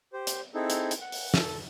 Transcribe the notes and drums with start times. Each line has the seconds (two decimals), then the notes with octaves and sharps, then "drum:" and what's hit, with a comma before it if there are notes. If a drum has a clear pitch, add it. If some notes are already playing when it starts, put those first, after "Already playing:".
0.13 G4 C5
0.27 drum: hi-hat
0.54 C4 D#4 E4 G#4 A4
0.70 drum: hi-hat
0.91 drum: hi-hat
1.01 F#5
1.12 drum: open hi-hat
1.34 A4, drum: snare